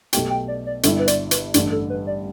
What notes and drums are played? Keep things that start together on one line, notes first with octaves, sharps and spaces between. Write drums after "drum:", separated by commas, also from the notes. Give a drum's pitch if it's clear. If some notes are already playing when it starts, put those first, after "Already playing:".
B1 B2 A3 G4 G5, drum: hi-hat
G5
D5
D5
G1 G2 G3 E4 A4, drum: hi-hat
B4
D5, drum: hi-hat
B4, drum: hi-hat
A1 G2 D3 G3 D5, drum: hi-hat
A4
B4
D5